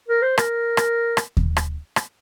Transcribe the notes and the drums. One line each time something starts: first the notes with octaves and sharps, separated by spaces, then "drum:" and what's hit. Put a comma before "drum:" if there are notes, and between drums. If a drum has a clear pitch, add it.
A#4
C5
A#4, drum: rim click
drum: rim click
drum: rim click
drum: kick D#2
drum: rim click
drum: rim click